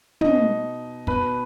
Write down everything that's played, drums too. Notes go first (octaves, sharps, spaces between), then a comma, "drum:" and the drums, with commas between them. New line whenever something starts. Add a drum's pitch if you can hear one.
B2 D#4 D#5, drum: tom
B2 B4, drum: kick